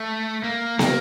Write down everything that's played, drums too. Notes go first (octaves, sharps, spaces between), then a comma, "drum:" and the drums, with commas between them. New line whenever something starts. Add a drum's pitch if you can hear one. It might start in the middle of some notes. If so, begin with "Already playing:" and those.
Already playing: A3
A#3
A#3, drum: snare